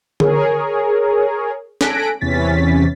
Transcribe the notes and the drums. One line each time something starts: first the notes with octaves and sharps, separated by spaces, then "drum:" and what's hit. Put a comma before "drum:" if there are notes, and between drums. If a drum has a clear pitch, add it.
G#4 A#4 C#5, drum: tom D3
A4 G#5 F#6 A#6 B6 D7, drum: snare
E2 C3 E3 C#4 A6 B6